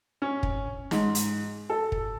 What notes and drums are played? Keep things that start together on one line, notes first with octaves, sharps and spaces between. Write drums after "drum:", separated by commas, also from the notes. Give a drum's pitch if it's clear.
C#4
drum: kick
G#2, drum: snare
drum: hi-hat
A4
drum: kick